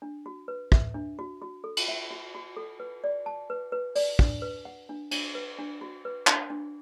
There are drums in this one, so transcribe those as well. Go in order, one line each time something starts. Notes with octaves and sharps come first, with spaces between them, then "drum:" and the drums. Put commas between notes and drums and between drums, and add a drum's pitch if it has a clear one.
D4
F#4
B4
E5, drum: kick
D4
F#4
F#4
A4
drum: cymbal
E5
F#4
F#4
A4
B4
D5
A5
B4
B4
D5, drum: open hi-hat
D4, drum: kick
B4
F#5
D4
D4, drum: cymbal
B4
D4
F#4
B4
D4, drum: clap
D4